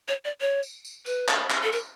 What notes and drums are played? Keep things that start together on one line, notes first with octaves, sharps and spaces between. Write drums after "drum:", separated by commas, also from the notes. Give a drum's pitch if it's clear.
C#5
D5
C#5
drum: tambourine
drum: tambourine
B4, drum: tambourine
drum: clap
drum: clap
A4
A#4, drum: tambourine